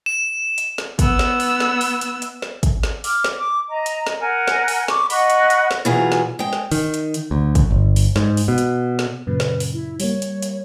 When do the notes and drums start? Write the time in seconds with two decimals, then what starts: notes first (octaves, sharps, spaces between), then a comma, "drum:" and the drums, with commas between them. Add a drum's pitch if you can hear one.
0.06 E7
0.58 drum: hi-hat
0.78 drum: snare
0.99 B3 E6, drum: kick, hi-hat
1.19 drum: snare
1.40 drum: open hi-hat
1.60 drum: snare
1.81 drum: open hi-hat
2.01 drum: hi-hat
2.22 drum: hi-hat
2.42 drum: snare
2.63 drum: kick, hi-hat
2.83 drum: snare
3.04 D6 F6, drum: open hi-hat
3.24 drum: snare
3.38 D6
3.70 D#5 A#5
3.86 drum: hi-hat
4.07 drum: snare
4.18 A#4 F#5 G#5
4.48 drum: snare
4.68 drum: open hi-hat
4.88 C#6 D6, drum: snare
5.10 D#5 F#5 B5 C#6, drum: open hi-hat
5.30 drum: hi-hat
5.50 drum: hi-hat
5.71 drum: snare
5.85 B2 E3 F#3 A3 F4 G#4
6.12 drum: snare
6.39 G#3 G5
6.53 drum: snare
6.72 D#3, drum: open hi-hat
6.94 drum: hi-hat
7.14 drum: hi-hat
7.31 D2
7.55 drum: kick, hi-hat
7.71 G1
7.96 drum: open hi-hat
8.16 G#2, drum: snare
8.37 drum: open hi-hat
8.48 B2
8.58 drum: hi-hat
8.99 drum: snare
9.27 F#2 A#2 C#3 B4
9.40 drum: snare
9.60 drum: open hi-hat
9.73 E4
10.00 G3 A#3 C#5, drum: open hi-hat
10.22 drum: hi-hat
10.42 drum: hi-hat